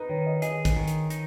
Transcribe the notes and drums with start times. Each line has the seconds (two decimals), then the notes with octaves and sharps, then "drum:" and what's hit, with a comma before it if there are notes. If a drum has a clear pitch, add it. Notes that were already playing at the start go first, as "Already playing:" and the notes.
Already playing: D#4 B4
0.09 D#3 C#5
0.27 D#5
0.42 G#4 D#5, drum: hi-hat
0.65 drum: kick, hi-hat
0.76 D#3
0.88 drum: hi-hat
1.10 D#4, drum: hi-hat